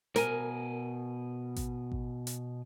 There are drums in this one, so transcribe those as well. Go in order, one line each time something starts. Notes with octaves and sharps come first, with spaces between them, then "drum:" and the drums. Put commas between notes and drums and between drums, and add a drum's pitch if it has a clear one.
B2 A#4 G#5, drum: hi-hat
drum: kick A1, hi-hat
drum: kick A1
drum: hi-hat